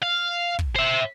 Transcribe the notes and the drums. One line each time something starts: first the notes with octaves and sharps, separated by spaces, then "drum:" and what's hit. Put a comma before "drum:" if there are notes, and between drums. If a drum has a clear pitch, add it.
F5
drum: kick
C5 E5